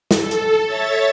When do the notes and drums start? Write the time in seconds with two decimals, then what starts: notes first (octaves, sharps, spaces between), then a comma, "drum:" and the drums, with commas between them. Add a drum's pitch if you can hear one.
0.11 A4, drum: snare
0.31 drum: hi-hat
0.65 C#5 E5 A6